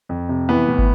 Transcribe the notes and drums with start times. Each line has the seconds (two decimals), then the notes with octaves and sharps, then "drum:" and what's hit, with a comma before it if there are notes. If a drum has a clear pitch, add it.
0.09 F2
0.29 C3
0.49 E3 B3
0.69 A2
0.79 drum: kick